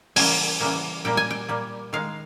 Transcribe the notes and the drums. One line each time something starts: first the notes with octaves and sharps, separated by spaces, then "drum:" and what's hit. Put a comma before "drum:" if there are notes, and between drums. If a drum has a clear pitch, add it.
C#3 E3 G3 A#3 G#5, drum: open hi-hat
C#3 E3 G3 A#3
A#2 G3 A#3 G5
G#5
G5
A#2 G3 A#3
D#3 G#3 F5